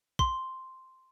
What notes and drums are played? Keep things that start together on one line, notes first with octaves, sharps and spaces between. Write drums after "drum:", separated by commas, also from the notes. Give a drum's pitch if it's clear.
C6, drum: kick